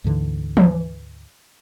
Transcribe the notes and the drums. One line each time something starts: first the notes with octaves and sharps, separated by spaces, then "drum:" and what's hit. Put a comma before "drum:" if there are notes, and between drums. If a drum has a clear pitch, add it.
D2 G#2 D3 E3
drum: tom E3